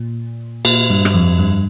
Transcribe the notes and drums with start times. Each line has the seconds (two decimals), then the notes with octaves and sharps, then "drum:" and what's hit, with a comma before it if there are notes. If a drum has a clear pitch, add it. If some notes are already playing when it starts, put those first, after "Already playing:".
Already playing: A#2
0.65 A#2, drum: cymbal
0.90 G2
1.05 drum: rim click
1.14 F2
1.38 G2